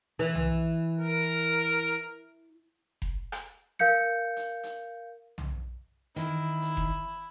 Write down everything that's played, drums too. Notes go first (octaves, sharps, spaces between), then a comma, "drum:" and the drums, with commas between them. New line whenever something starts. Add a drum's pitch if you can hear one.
E3, drum: hi-hat
drum: tom B1
A#4
drum: kick F1
drum: rim click
A#4 F5 G6 C#7
drum: hi-hat
drum: hi-hat
drum: tom B1
D#3 E4, drum: hi-hat
drum: hi-hat
drum: kick F1